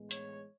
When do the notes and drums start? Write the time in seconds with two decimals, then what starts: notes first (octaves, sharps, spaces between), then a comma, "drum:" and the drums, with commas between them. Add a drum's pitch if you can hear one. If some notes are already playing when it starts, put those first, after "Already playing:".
Already playing: A2 E3 G#3 B3
0.11 C#5, drum: hi-hat